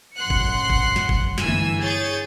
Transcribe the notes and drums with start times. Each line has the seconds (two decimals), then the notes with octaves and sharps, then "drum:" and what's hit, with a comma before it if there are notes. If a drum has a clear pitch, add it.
0.17 A1 F#2 F#5 C6 F#6 C#7
0.30 drum: kick
0.70 drum: kick
0.96 drum: snare
1.09 drum: kick
1.38 G1 E3 G#5 E6, drum: snare
1.49 drum: tom G#3
1.81 G#4 C#5 G6 A6